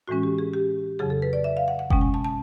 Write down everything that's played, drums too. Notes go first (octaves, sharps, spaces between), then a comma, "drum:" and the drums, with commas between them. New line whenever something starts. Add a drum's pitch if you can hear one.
A2 E3 G#3 C#4 F#4
G4
G#4
G4
F2 C#3 F#3 G#4
A4
B4
D5
E5
F5
F#5
F#5
B2 G#3 C#4 G5, drum: kick F#1
G#5
A5
A5